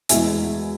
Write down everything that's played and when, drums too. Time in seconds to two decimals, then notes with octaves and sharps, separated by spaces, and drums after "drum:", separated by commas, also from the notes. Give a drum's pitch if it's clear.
0.09 E2 B2 G#3 E5 G#5, drum: hi-hat